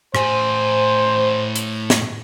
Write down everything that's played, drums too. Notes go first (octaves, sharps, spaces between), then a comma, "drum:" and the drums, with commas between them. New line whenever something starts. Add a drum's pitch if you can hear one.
A2 C5 G#5, drum: rim click
drum: hi-hat
drum: snare